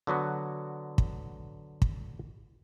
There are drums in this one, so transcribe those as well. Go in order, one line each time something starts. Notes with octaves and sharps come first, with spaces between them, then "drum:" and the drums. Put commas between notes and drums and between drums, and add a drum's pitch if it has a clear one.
D3 F#3 B3 F#4
drum: kick
drum: kick